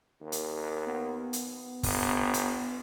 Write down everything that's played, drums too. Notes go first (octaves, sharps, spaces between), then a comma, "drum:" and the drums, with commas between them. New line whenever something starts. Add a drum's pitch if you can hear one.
D#2
drum: hi-hat
B3
drum: hi-hat
G1, drum: kick, open hi-hat
drum: hi-hat